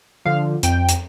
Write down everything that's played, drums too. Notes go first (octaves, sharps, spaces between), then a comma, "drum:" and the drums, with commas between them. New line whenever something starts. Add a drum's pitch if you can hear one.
D3 F3 F5
F2 G5, drum: hi-hat
drum: hi-hat